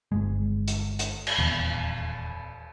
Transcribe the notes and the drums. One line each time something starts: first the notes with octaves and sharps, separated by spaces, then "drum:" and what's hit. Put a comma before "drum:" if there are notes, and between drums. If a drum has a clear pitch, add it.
G1 G#3
drum: hi-hat
drum: hi-hat
drum: cymbal
D#1 E2